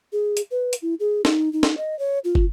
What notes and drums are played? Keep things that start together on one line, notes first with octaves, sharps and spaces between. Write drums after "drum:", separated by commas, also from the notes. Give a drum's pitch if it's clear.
G#4
drum: hi-hat
B4
drum: hi-hat
E4
G#4
D#4, drum: snare
D#4
drum: snare
D#5
C#5
F4
drum: kick